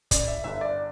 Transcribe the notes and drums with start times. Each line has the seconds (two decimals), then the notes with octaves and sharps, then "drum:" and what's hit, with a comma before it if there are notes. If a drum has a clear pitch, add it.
0.11 C#3 D5, drum: kick, hi-hat
0.28 E5
0.44 G1 E5
0.61 D5